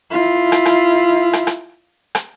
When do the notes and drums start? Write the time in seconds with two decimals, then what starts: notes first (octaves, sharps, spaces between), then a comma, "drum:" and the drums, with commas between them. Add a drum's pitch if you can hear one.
0.11 E4 F4
0.52 drum: rim click
0.65 drum: rim click
1.33 drum: rim click
1.47 drum: rim click
2.15 drum: rim click